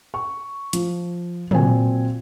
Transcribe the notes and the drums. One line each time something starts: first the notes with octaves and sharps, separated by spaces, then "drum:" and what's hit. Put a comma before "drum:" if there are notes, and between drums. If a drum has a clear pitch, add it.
C#6
F3, drum: hi-hat
A#2 F#3 C4 G#5, drum: tom